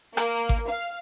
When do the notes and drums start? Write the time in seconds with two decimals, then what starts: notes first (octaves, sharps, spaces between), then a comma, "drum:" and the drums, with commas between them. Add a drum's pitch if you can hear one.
0.17 A#3, drum: rim click
0.49 drum: kick G#1
0.68 F5